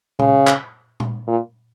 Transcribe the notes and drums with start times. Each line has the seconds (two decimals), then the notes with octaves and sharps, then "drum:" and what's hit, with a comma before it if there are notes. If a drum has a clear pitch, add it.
0.19 C#3, drum: tom A#2
0.47 drum: clap
1.00 drum: tom A#2
1.27 A#2